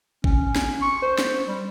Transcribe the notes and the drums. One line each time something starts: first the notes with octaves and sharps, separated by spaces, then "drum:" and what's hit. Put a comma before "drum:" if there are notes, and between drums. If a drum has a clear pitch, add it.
C#4, drum: kick G#1
drum: snare
C#6
C5
drum: snare
G3